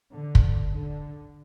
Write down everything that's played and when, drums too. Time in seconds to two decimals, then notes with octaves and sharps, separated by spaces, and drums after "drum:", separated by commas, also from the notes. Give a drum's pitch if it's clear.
0.13 D3
0.35 drum: kick
0.70 D3